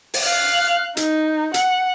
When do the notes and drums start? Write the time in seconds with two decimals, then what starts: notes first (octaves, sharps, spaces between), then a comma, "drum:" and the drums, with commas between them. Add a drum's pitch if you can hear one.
0.14 drum: open hi-hat
0.24 F5 F#6
0.97 D#4, drum: hi-hat
1.54 F#5, drum: hi-hat